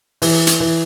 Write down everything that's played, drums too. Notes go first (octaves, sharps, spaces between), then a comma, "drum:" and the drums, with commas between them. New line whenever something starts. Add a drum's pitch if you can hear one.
E3, drum: open hi-hat
drum: hi-hat
E3